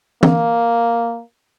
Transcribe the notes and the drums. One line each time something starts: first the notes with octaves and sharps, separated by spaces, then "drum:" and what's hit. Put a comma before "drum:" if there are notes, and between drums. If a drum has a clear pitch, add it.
A#3, drum: tom